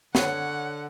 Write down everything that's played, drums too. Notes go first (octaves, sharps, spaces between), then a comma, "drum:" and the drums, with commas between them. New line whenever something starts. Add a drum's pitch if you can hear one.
D3 C#5 F#5, drum: snare